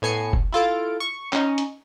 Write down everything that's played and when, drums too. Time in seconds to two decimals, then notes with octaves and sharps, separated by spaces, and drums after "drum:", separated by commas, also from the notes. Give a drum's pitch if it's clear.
0.02 A2 B3 G#5 C7 C#7
0.33 drum: kick F1
0.52 E4 F4 A4 D7
1.00 C#6
1.33 C#4 D#4, drum: clap
1.58 drum: hi-hat